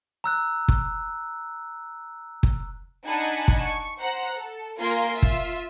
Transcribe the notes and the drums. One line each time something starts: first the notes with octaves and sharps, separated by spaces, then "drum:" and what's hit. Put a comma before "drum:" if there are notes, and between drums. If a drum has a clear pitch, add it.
A#5 E6 F#6
drum: kick
drum: kick
D4 D#4 F#5 G#5 A5 B5
drum: kick
C#6
C5 F#5 A#5
A4
A#3 F4 A#4 F5 G#5 C6
F4 E5
drum: kick